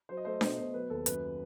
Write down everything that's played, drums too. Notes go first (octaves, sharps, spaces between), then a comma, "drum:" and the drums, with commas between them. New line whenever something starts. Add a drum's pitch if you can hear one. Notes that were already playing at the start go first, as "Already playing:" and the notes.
F#3 C5
D#5
A3 C5
D#5
B2 C5, drum: snare D4
D#5
B2 C5
F#3 B4
D#2 A4
F#2 B4, drum: hi-hat